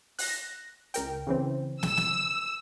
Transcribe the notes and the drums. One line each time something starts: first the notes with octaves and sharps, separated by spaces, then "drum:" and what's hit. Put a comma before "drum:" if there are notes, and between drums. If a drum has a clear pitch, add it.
F#6 A#6, drum: open hi-hat
C#2 A#4 G5, drum: hi-hat
C#3 E3 C4
E6, drum: snare
drum: snare